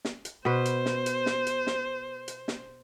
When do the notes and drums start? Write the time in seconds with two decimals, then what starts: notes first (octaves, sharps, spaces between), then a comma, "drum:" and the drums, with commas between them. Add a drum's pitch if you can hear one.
0.05 drum: snare
0.25 drum: hi-hat
0.45 B2 B4 C5
0.65 drum: hi-hat
0.86 drum: snare
1.06 drum: hi-hat
1.26 drum: snare
1.47 drum: hi-hat
1.67 drum: snare
2.28 drum: hi-hat
2.48 drum: snare